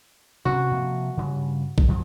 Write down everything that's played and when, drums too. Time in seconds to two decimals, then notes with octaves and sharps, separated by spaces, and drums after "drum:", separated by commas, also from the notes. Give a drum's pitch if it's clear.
0.45 C3 C4 C#4 F#4
0.71 C3 F3 A#3
1.17 G2 C#3
1.78 drum: kick A#1
1.88 F#2 F3 F#3